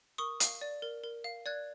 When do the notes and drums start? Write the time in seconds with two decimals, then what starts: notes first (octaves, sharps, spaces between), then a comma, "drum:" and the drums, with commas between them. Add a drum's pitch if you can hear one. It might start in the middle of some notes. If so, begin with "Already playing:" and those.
0.18 A#4 C#6 D#6
0.40 F5, drum: hi-hat
0.61 D5
0.82 A#4
1.04 A#4
1.24 F5
1.46 D5 F#6 G#6